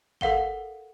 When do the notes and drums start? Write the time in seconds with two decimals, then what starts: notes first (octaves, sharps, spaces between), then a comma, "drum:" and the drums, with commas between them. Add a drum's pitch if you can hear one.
0.21 A4 A#4 F5 F#5 G7, drum: kick G1